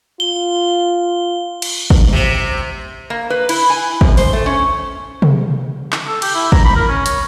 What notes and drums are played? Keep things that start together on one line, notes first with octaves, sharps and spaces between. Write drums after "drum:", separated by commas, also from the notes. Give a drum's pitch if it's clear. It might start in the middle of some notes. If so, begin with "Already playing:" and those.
F4 G7
drum: cymbal
drum: kick
C3
A#3
B4
E4, drum: cymbal
G#5
F#2, drum: kick
C5, drum: open hi-hat
A3
C#4
drum: tom C3
drum: clap
A4
G4, drum: cymbal
E4
A#5, drum: kick
B5
A#4
C#4
C#5, drum: hi-hat